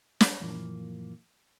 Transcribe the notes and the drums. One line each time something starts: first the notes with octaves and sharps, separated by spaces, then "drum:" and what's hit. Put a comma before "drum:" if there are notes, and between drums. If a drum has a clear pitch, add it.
C5 D5 B5, drum: snare
F#2 A#2 E3 F3 A#3